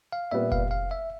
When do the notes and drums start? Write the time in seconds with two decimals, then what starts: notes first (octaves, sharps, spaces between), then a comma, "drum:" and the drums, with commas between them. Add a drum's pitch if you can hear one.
0.12 F5
0.31 A#2 G3 B3 E5
0.52 F5, drum: kick F1
0.71 F5
0.91 E5